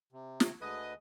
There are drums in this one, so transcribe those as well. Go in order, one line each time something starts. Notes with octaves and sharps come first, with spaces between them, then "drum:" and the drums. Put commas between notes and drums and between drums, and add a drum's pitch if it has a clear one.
C3
drum: snare
D2 D3 G#3 B4 D#5